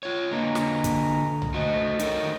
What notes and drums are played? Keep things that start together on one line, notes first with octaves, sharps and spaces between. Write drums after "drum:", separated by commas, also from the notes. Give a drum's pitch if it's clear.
F4 C#5
D3 A#3 B4 D#5 A#5
drum: snare
drum: kick, hi-hat
drum: tom
F3 A3 F#4 D#5
D#4 A#4 C#5, drum: hi-hat